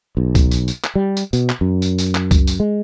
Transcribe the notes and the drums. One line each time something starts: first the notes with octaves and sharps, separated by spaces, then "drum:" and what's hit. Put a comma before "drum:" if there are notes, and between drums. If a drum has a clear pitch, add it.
B1
drum: kick C#2, tambourine
drum: tambourine
drum: tambourine
drum: clap
G3
drum: tambourine
B2, drum: tambourine
drum: clap
F#2
drum: tambourine
drum: tambourine
drum: clap
drum: kick C#2, tambourine
drum: tambourine
G#3